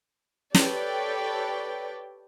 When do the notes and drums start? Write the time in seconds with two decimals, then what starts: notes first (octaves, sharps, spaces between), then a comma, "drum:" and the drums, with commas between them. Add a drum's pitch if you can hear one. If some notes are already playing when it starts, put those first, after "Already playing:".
0.54 G4 A4 B4 C#5 D5 G5, drum: snare